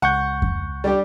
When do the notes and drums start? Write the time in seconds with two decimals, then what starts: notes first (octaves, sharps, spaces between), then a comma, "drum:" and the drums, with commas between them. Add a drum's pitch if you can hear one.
0.02 C#2 F#5 C#6 G6
0.42 drum: kick F2
0.84 G3 D4 G4